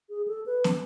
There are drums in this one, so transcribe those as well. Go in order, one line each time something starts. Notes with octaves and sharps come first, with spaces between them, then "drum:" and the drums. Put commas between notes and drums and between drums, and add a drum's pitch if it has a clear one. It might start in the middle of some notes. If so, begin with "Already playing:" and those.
G#4
A4
B4
drum: snare